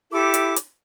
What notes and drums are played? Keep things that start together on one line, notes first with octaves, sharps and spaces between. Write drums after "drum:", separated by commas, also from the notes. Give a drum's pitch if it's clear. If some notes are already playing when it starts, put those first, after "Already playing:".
E4 G4 A4 D6
drum: hi-hat
drum: hi-hat